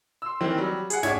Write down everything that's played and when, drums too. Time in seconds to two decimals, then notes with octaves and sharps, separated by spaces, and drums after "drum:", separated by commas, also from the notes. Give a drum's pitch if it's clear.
0.22 C6 E6
0.41 D#3 E3 A#3 C4
0.57 F#3 G3
0.90 G#4 F#5, drum: hi-hat
1.03 G#1 D4 G#4 C#5 E5 G#6, drum: snare